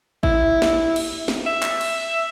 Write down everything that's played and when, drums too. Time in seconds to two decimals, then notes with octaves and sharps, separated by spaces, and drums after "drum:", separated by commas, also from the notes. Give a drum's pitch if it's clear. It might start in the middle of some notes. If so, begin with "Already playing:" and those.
0.23 E4, drum: kick G#1
0.62 drum: snare
0.96 drum: cymbal
1.28 drum: snare
1.46 E5
1.62 drum: clap
1.81 drum: cymbal